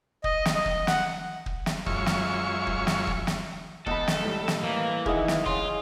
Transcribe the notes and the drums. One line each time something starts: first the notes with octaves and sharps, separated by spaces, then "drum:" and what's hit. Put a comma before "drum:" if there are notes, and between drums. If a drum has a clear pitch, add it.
D#5, drum: kick
drum: snare
D#5
drum: kick
F#5, drum: snare
drum: kick
drum: snare
F#2 G#3 F4 C#5 E5 C#6, drum: kick
drum: snare
drum: kick
drum: snare
drum: kick
drum: snare
E2 A4 D#5 A5 B5, drum: kick
drum: snare
A2 G3
drum: snare
E3 A#3
D#3 E4 G#4 D#5 F#5, drum: kick
drum: snare
C#3 F4 C6, drum: kick